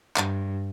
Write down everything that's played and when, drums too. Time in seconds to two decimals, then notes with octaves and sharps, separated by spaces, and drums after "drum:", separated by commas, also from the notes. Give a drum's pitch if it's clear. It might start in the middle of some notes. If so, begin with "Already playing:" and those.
0.16 G2, drum: clap